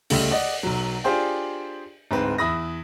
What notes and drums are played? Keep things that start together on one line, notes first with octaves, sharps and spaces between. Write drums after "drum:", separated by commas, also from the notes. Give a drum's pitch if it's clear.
C#2 G3 A3, drum: open hi-hat
D5 D#5 F#5
B1 F#3
D4 F4 G4 G#4 C5 G5
D1 G#2 C4 B4
E2 E5 B5 D#6 A#6